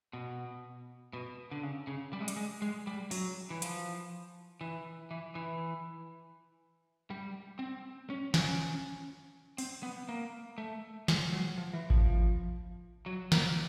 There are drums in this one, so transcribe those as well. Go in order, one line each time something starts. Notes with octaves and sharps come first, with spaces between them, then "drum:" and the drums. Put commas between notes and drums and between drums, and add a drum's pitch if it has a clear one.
B2
B2
D3
C#3
C#3
G3
G#3
G3, drum: hi-hat
G#3
G#3
G3
F#3, drum: open hi-hat
E3
F3, drum: hi-hat
E3
E3
E3
G3
C4
C#4
C#4, drum: snare
C4, drum: open hi-hat
B3
A#3
A3
G#3, drum: snare
F#3
F3
E3
F3, drum: kick G#1
F#3
A#3, drum: snare